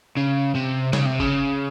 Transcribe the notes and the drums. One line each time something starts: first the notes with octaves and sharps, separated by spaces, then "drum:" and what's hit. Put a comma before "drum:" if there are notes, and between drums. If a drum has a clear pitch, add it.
C#3
C3
C#3, drum: snare
C3
C#3, drum: kick F#1